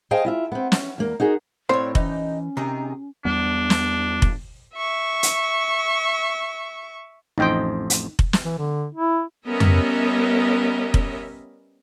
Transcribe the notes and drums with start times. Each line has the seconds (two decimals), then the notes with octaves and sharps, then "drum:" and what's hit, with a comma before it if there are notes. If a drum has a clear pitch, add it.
0.11 G#4 C5 D#5 F5 G5 A5
0.25 E4 F4 E5
0.52 B3 C4
0.72 C#4, drum: snare
0.98 E2 A#3
1.20 D#4 F#4 G#4 A#4
1.69 A2 C4 D4 C5 C#5 F5
1.95 E3 C#4 D#4 G4, drum: kick F1
2.57 C3 D#3 G#4 A#5
3.25 E2 G3 B3 D4
3.70 drum: snare
4.22 drum: kick F1
4.75 E5 C#6
5.23 drum: hi-hat
7.38 A1 F2 D#4 C5 D#5 G5
7.90 drum: hi-hat
8.19 drum: kick F1
8.33 drum: snare
8.45 E3
8.58 D3
8.95 E4
9.48 G3 B3 C#4 A#4 D#5 E5
9.60 drum: tom F2
10.94 drum: kick F1